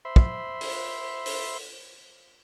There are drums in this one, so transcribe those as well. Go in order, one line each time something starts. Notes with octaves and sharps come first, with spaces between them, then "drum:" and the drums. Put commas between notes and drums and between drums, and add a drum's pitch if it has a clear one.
C5 E5 B5 C6
drum: kick
drum: open hi-hat
drum: open hi-hat